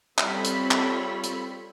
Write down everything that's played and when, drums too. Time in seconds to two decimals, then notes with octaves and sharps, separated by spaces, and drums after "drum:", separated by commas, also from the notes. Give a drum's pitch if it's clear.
0.18 G3 C4 F4 A4 C#5 B5, drum: clap
0.45 drum: hi-hat
0.71 drum: clap
1.24 drum: hi-hat